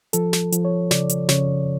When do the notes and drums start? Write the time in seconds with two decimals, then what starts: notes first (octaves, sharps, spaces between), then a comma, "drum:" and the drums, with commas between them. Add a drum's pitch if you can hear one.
0.13 F3 A4, drum: hi-hat
0.33 drum: snare
0.52 F3, drum: hi-hat
0.65 C#5
0.91 C#3 D5, drum: snare
1.09 drum: hi-hat
1.29 C#3 C#5, drum: snare